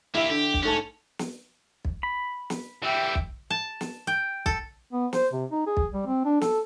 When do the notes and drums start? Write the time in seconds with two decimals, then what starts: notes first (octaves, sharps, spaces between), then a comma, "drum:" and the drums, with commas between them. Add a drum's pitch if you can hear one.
0.15 A#3 E4 G4 E5
0.30 D3 G4
0.54 drum: kick
0.63 G#2 A3 C#4 A5
1.19 drum: snare
1.85 drum: kick
2.03 B5
2.50 drum: snare
2.82 E3 G3 E5 G5
3.15 drum: kick
3.50 A5
3.81 drum: snare
4.07 G5
4.46 A4, drum: kick
4.91 B3
5.13 C5, drum: snare
5.33 C3
5.51 D#4
5.67 G#4
5.77 drum: kick
5.93 G3
6.06 C4
6.25 D4
6.41 A4, drum: snare